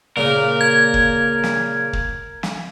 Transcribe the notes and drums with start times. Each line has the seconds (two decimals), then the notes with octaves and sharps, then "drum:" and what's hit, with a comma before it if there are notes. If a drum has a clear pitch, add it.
0.17 A#2 C#3 A#4
0.61 G#6
0.94 drum: kick
1.44 drum: snare
1.93 drum: kick
2.43 drum: snare